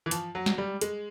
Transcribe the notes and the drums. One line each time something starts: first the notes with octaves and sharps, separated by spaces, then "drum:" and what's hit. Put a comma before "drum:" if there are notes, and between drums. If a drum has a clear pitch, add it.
E3
F3, drum: hi-hat
F#3
drum: snare
G3
G#3, drum: hi-hat